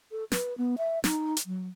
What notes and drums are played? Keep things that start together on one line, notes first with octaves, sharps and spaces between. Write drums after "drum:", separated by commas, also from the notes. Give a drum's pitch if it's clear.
A4
B4, drum: snare
B3
E5
D#4, drum: snare
drum: hi-hat
F#3